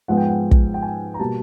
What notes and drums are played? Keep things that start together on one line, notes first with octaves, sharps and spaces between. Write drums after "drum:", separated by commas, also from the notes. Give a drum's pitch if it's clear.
G#2 F3 G#3 B3 F#5
G5
F#5
drum: kick
G5
G#5
A#5
B2 G3 A#3 A5